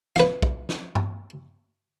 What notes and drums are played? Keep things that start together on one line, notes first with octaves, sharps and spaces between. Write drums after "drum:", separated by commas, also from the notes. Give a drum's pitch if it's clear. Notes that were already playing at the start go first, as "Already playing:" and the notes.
B4 F5, drum: snare
drum: kick
drum: snare
drum: tom G2